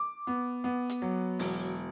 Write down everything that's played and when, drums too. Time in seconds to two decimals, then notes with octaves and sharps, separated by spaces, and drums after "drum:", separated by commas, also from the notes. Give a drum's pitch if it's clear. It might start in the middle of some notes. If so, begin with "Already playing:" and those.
Already playing: D6
0.27 B3
0.64 B3
0.90 drum: hi-hat
1.02 F#3
1.39 E1, drum: open hi-hat